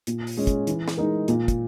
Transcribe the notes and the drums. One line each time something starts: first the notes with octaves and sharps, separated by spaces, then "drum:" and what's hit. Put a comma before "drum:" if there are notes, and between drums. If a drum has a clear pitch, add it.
A#2, drum: hi-hat
drum: open hi-hat
G#3 C#4 G#4
drum: kick, hi-hat
E3, drum: hi-hat
drum: snare
G#3 D#4 A#4
A#2, drum: hi-hat
drum: kick, hi-hat